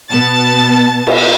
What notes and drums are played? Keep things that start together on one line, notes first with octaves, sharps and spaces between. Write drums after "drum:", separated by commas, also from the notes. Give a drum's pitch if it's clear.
B2 B3 A5 A6
drum: cymbal